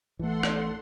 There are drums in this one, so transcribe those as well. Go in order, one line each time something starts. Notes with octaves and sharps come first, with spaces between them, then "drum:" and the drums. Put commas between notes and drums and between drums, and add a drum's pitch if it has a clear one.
A1 E3 A3 A4 F#5 C6
drum: rim click